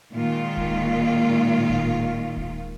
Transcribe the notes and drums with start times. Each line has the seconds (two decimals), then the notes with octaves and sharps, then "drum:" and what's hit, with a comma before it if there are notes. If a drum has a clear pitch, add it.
0.12 A#2 D#3 G#3 F4
0.57 drum: kick D1
1.69 drum: kick D1
2.37 drum: kick D1